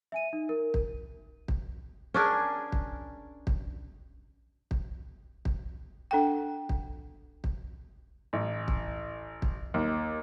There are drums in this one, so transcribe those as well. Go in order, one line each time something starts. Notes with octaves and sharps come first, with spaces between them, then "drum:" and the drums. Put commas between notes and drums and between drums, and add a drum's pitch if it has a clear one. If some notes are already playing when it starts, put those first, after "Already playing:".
E5 G#5 D#7
D#4
A#4
drum: kick
drum: kick
C#4 D4 G#4 A#4
drum: kick
drum: kick
drum: kick
drum: kick
D4 A4 F#5 G5
drum: kick
drum: kick
A1
drum: kick
drum: kick
D#2